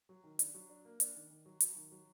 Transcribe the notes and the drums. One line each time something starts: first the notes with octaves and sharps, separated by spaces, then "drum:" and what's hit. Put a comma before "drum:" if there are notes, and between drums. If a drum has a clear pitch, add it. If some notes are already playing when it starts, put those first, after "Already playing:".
F#3
D#3
D4, drum: hi-hat
F#3
D4
A#3
D4, drum: hi-hat
D#3
D#3
F#3
F#3, drum: hi-hat
D#3
F#3